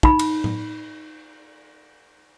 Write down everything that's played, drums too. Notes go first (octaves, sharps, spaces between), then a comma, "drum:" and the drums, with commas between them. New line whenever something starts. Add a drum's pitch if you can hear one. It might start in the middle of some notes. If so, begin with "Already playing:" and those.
D#4 B5, drum: kick
drum: cymbal
drum: tom A2